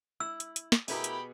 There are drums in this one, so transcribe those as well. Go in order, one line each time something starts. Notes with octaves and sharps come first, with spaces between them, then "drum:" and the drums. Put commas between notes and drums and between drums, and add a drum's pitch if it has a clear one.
E4 E6
drum: hi-hat
drum: hi-hat
drum: snare
B2 A3 B3 E4 G4 G#4 A#4 B5, drum: open hi-hat
drum: hi-hat